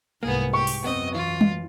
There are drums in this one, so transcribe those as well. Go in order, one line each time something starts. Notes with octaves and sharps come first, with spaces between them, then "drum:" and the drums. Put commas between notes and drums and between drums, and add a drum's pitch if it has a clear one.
C2 G#2 A#3 B3 G#4
G4 C#6
drum: open hi-hat
F#2 B3 C4 D#5
E3 F4
drum: tom G3